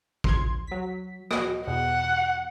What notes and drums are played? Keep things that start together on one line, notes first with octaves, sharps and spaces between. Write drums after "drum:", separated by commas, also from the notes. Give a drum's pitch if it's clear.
C6 G#6, drum: kick A1
F#3 B6
F#4 D#5, drum: rim click
E2 B2 F#5